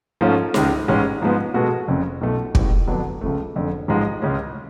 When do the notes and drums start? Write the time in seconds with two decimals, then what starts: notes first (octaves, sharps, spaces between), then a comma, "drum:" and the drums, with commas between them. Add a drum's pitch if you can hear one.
0.21 G#2 F3 A3 C#4 F4
0.54 C#2 C#3 G#3, drum: snare D#4
0.88 A1 G#2 G#3 C#4
1.22 G#2 F3 G#3 B3
1.54 B2 G#3 B3 F#4 A4
1.88 F#1 F2 C#3
2.21 B1 B2 A3 F4
2.55 A1 A2 G#3, drum: kick
2.88 F2 D3 F#3 B3 D4
3.21 C#2 C#3 F3 A3
3.56 F#1 F2 D3
3.88 A1 G#2 F3 G#3
4.22 C#2 C#3 G#3 C#4